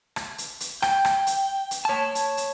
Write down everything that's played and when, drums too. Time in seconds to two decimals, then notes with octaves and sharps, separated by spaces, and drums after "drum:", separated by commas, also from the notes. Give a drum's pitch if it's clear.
0.16 drum: rim click
0.38 drum: hi-hat
0.60 drum: hi-hat
0.82 G5, drum: rim click
1.05 drum: rim click
1.27 drum: hi-hat
1.71 drum: hi-hat
1.85 C#5 A5
2.15 drum: hi-hat
2.37 drum: hi-hat